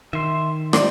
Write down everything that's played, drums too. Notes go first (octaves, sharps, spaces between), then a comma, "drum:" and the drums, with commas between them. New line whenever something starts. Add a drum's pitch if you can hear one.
D#3 E5 C6
C4 D#4 G4 D5 C6 D6, drum: rim click